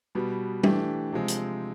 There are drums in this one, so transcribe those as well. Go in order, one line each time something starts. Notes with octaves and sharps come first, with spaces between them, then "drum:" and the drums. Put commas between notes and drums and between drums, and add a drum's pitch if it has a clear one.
B2 G3 B3
E3 A3 D4 G4, drum: tom G3
C3 F3 G#3 C4
drum: hi-hat